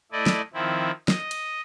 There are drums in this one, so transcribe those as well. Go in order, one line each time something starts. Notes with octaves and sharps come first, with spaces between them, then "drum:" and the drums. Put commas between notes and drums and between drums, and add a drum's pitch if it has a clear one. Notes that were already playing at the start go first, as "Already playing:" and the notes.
A3 E4 D5 D#5
drum: snare
D#3 F3 C4 E4
D#5, drum: snare
drum: cymbal